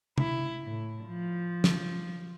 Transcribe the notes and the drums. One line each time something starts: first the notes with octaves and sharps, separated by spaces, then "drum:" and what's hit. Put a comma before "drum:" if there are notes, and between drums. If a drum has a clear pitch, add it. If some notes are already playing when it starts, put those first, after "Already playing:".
E4, drum: tom C3
A2
F3
drum: snare